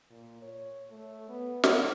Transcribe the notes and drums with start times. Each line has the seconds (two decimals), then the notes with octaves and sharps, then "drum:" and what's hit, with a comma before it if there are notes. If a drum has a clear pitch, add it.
0.10 A#2
0.42 C#5
0.90 A3
1.29 B3
1.64 F4, drum: snare